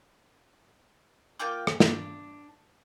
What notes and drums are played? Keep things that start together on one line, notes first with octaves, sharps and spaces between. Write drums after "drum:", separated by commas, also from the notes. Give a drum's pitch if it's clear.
A#3 F4 G5 D6
drum: rim click
D4, drum: snare